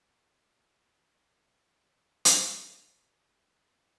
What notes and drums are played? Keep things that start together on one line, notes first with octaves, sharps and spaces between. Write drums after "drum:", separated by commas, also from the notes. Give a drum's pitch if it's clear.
G3
E3
D3
B2
E2
G2
B2
A2
A2
G2
drum: hi-hat
G2
E2
G2
A2